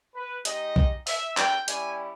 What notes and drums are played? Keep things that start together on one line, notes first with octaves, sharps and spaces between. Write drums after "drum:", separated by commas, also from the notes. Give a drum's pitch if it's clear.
B4
G#3 D#4 G4 D#5, drum: hi-hat
drum: kick
E5, drum: open hi-hat
G5, drum: clap
G3 C#4 E4 G4 G#5, drum: hi-hat